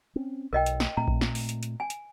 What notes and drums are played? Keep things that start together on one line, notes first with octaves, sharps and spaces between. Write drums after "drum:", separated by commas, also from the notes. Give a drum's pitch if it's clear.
C4 C#4
B1 A#4 D#5 G5
drum: hi-hat
drum: snare
A#2 A3 C4 A#5
drum: kick A#1
drum: snare
drum: open hi-hat
drum: hi-hat
drum: hi-hat
G#5
drum: hi-hat